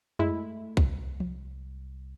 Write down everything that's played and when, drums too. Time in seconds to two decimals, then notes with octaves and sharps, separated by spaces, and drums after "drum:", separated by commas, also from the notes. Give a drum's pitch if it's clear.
0.19 G#3 A3 E4, drum: tom F2
0.77 C2, drum: kick C2
1.20 drum: tom